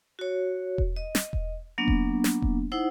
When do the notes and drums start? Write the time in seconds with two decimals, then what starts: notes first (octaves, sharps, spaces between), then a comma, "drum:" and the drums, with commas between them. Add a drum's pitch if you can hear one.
0.19 F#4 C#5
0.78 drum: kick E1
0.96 D#5
1.15 drum: snare
1.33 drum: kick E1
1.78 F#3 A#3 B3 D4
1.88 drum: kick E1
2.24 drum: snare
2.42 drum: kick E1
2.72 D#4 E4 C5 F#5